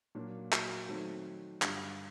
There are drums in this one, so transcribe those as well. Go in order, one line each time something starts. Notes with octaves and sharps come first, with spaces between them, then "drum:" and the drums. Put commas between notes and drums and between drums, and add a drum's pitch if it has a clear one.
A#2 F#3 A#3 D4
F#4, drum: clap
D#3 F#3 A3 C4
G2 D3 G3 F4, drum: clap